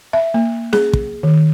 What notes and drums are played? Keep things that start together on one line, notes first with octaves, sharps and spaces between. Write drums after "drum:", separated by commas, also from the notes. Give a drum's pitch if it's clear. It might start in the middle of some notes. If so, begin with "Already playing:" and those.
E5
A#3
G#4, drum: snare C#4
drum: kick
D#3